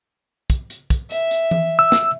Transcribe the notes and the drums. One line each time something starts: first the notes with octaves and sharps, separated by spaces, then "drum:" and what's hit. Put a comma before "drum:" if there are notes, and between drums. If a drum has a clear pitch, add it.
drum: kick, hi-hat
drum: hi-hat
drum: kick, hi-hat
E5, drum: hi-hat
drum: hi-hat
drum: tom E3
E6
drum: snare